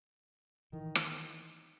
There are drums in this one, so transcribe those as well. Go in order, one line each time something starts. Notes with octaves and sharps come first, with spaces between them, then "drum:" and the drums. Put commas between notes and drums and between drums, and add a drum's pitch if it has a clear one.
D#3 E3
drum: rim click